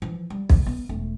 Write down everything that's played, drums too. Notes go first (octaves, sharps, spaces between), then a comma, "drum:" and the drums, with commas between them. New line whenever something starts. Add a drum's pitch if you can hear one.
E3 F3
G3
C2, drum: kick
B3
E1 A3